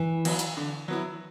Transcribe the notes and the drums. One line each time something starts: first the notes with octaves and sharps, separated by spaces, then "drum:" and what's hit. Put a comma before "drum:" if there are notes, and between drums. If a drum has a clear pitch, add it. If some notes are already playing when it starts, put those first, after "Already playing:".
Already playing: E3
F#3 B3 E4, drum: cymbal
drum: hi-hat
D3
F#3 B3 E4